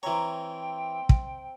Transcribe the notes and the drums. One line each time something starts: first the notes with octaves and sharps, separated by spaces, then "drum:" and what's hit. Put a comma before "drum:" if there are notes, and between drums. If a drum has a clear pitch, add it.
E3 C4 C#5 E5 G5 A#5
drum: kick